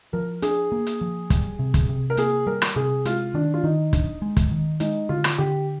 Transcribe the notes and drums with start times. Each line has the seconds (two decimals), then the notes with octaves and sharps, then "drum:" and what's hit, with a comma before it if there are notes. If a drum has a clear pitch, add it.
0.13 F3 A#4
0.42 D4 G#4, drum: hi-hat
0.72 A#3
0.87 drum: hi-hat
1.01 F3
1.30 G3, drum: kick, hi-hat
1.59 C3
1.74 drum: kick, hi-hat
1.89 C3
2.10 A#4
2.17 A#3 G#4, drum: hi-hat
2.47 G3 A#4
2.62 drum: rim click
2.76 C3 G#4
3.05 G#3 F4, drum: hi-hat
3.34 D#3 D4
3.54 F4
3.64 D#3 D#4
3.93 D4, drum: kick, hi-hat
4.22 G#3
4.37 drum: kick, hi-hat
4.51 D#3
4.80 G#3 D#4, drum: hi-hat
5.09 D3 F4
5.24 drum: rim click
5.38 D3 G4